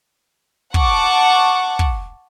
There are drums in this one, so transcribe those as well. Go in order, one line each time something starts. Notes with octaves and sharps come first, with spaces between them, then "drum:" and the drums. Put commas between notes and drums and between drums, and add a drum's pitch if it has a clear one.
F#5 A5 C#6 D6, drum: kick
drum: kick